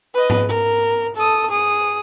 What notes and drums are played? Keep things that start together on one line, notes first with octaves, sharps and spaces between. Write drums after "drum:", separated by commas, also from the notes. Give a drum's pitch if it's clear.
B4 D#5
drum: tom G#2
A#4
A4 D#6
G#4 D#6